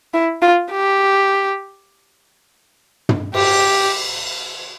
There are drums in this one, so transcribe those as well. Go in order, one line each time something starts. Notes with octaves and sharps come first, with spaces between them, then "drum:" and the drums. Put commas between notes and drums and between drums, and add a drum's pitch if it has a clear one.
E4
F4
G4
drum: tom
G4, drum: cymbal